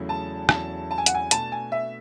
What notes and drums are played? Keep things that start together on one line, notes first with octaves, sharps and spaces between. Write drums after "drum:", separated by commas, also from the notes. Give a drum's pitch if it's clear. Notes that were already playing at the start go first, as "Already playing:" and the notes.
Already playing: E2 C#3 F#3 A3 E4
A5
E2 C#3 F#3 A3 E4 A5, drum: rim click
A5
G#5
F#5, drum: hi-hat
G#5
B2 A3 D4 A5, drum: hi-hat
G#5
E5